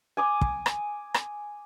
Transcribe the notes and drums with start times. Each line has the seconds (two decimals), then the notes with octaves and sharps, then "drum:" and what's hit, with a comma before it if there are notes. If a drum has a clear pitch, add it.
0.17 G#5 D6 D#6
0.41 drum: kick
0.66 drum: rim click
1.14 drum: rim click